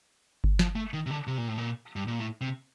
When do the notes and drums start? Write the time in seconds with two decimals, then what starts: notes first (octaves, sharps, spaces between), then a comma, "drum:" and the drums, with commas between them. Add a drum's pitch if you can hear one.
0.44 drum: kick G1
0.59 F3, drum: snare
0.76 A3
0.93 D#3
1.06 C3
1.11 D3
1.27 C3
1.38 A#2
1.48 A2
1.58 A#2
1.96 G2
2.08 A#2
2.19 A2
2.41 C3